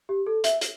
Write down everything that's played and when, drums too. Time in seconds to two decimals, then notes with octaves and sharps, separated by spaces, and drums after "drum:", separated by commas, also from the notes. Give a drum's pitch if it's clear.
0.09 G4
0.27 A4
0.44 E5, drum: hi-hat
0.61 drum: hi-hat